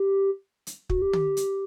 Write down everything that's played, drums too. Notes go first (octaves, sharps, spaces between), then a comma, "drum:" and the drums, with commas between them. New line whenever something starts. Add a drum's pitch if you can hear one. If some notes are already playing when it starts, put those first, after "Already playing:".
Already playing: G4
drum: hi-hat
F#4, drum: kick
G4
drum: tom
drum: hi-hat